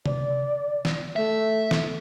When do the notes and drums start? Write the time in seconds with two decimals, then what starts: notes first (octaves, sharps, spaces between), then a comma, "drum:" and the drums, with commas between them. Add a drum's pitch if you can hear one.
0.06 D5, drum: tom C3
0.85 drum: snare
1.16 A3 E5
1.71 drum: snare